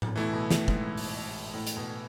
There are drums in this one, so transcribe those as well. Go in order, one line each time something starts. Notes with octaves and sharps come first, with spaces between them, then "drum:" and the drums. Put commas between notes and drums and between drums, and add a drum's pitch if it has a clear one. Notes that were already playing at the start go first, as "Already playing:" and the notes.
drum: tom A2
B2 E3 A3 E4
B2
A2, drum: snare
G#2, drum: kick
drum: open hi-hat
A2
drum: hi-hat
B2